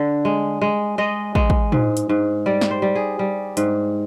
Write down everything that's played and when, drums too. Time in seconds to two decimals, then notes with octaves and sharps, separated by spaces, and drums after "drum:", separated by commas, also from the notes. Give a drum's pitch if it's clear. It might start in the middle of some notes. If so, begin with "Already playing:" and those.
Already playing: D3
0.25 G#3
0.61 G#3
0.98 G#3 D#5
1.35 G#3, drum: kick
1.50 drum: kick
1.72 G#2, drum: tom
1.97 drum: hi-hat
2.09 G#2
2.46 G3 D5
2.61 drum: snare
2.71 C5
2.82 G3
2.95 G#4
3.19 G3
3.57 G#2, drum: hi-hat